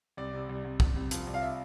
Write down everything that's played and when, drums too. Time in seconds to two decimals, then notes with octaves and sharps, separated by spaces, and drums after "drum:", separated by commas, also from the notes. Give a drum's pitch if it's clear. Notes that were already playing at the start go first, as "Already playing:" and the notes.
0.17 C2 D5
0.33 C3
0.49 C2
0.64 C2
0.80 C2, drum: kick
0.95 C2
1.11 F3, drum: hi-hat
1.27 C2
1.34 F5
1.42 E5